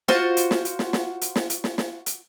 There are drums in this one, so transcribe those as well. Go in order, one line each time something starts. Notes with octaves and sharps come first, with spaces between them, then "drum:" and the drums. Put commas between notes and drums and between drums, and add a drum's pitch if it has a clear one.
F4 F#4 C5 F#6, drum: snare
drum: hi-hat
drum: snare
drum: hi-hat
drum: snare
drum: snare
drum: hi-hat
drum: snare
drum: hi-hat
drum: snare
drum: snare
drum: hi-hat